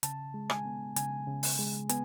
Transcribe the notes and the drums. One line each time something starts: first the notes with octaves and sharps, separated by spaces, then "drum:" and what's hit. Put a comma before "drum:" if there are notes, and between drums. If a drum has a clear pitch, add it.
C#3 A5, drum: hi-hat
G#3
G#5, drum: rim click
B3
C#3 G#5, drum: hi-hat
C#3
drum: open hi-hat
G#3
B3 G#5, drum: hi-hat